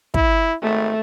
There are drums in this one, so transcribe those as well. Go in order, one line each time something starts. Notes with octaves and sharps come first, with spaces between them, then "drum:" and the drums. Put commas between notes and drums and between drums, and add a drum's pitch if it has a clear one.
E4, drum: kick
G#1 A3